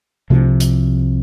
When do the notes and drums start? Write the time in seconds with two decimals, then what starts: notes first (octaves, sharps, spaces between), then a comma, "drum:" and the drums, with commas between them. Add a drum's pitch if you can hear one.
0.30 C2 C3 F3, drum: tom C3
0.60 drum: hi-hat